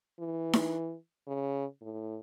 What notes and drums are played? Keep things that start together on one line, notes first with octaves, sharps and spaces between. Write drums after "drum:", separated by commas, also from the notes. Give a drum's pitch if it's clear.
E3
drum: snare D#4
C#3
A2